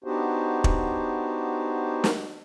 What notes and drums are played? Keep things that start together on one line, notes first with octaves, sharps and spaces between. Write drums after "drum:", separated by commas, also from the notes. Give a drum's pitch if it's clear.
B3 D4 D#4 F#4 G4 C5
drum: kick
drum: snare